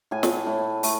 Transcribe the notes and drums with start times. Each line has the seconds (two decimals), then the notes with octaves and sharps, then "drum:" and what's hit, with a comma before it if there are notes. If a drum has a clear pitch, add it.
0.11 A2 G#5
0.23 drum: snare
0.47 A2
0.83 A3, drum: open hi-hat